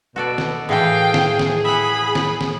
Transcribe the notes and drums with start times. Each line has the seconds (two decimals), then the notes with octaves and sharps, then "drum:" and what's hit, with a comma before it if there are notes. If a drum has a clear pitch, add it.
0.16 B2 F#4 A4 D5
0.38 drum: snare
0.69 A2 E3 G#4 F5 G5
1.14 drum: snare
1.39 drum: snare
1.65 E5 F#5 B5
2.15 drum: snare
2.41 drum: snare